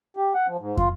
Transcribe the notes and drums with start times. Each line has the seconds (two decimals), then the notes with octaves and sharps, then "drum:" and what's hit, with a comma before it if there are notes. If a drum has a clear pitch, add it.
0.17 G4
0.35 F#5
0.47 F3
0.59 G#2
0.77 F4, drum: kick